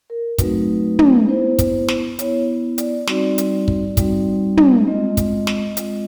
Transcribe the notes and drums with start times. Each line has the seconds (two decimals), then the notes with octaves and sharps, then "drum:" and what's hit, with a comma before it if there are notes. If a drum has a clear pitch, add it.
0.10 A#4
0.38 F#3 A3 C4 D#4 F#4 B4, drum: kick, hi-hat
0.99 drum: tom
1.29 B3 E4 C5
1.59 drum: kick, hi-hat
1.88 drum: snare
2.19 B3 E4 C#5, drum: hi-hat
2.78 D5, drum: hi-hat
3.07 G3 C4 D#4 F#4 D5, drum: snare
3.38 drum: hi-hat
3.68 drum: kick
3.97 G3 C4 D#4 F#4, drum: kick, hi-hat
4.57 drum: tom
4.87 G#3 C4 F4 D#5
5.17 drum: kick, hi-hat
5.47 drum: snare
5.77 G#3 C4 F4, drum: hi-hat